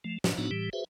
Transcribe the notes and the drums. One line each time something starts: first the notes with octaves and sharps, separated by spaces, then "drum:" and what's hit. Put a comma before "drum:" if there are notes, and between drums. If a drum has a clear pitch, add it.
F3 A3
A2, drum: snare
A2 B3 D4 D#4 F#4
A2 E3 G3 G4
F#4 G#4 B4 C5 E5